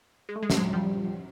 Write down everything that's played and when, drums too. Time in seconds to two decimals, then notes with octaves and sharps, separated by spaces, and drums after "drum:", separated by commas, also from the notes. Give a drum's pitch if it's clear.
0.29 G#3
0.36 A3
0.43 G#3
0.50 A3, drum: snare
0.57 F#3 G#3
0.73 F3 G3